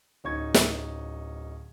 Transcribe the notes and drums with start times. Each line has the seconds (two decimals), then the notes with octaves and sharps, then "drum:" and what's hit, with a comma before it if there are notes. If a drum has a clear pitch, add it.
0.24 D1 C#4 D#4 C#6 G#6
0.54 drum: snare